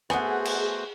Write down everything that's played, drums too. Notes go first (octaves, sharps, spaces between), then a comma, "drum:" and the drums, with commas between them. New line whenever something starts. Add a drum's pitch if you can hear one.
A3 B3 F#4 G#4 C5 F#5 G#5, drum: rim click
drum: cymbal